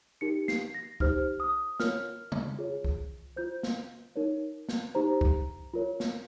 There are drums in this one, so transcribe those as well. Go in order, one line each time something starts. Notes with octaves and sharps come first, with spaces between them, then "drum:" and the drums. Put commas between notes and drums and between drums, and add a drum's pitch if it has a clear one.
D#4 G4 A#4 C#7
C7, drum: snare
A#6
D#4 G4 C5 F6, drum: kick C2
D#6
F4 A#4 C#5 F6, drum: snare
drum: tom
F4 G#4 C#5
drum: kick C2
F4 C5 G6
drum: snare
D#4 A#4 C#5
drum: snare
D#4 G4 C5 A#5
drum: kick C2
F4 A#4 C#5
drum: snare